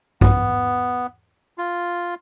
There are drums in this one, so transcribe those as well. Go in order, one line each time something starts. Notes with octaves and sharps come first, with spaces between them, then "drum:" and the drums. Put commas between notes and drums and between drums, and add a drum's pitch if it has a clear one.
B3, drum: kick A#1
F4